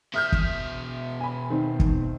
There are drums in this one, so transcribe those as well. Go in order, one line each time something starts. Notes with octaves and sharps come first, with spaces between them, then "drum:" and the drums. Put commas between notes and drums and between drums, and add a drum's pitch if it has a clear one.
B2 E5 D#6 F6 G6
drum: kick
G#5 B5
D#3 C4
drum: kick